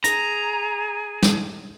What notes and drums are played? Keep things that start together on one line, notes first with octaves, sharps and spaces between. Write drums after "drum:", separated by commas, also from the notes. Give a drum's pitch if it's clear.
G#4 A#5 A#6, drum: hi-hat
drum: snare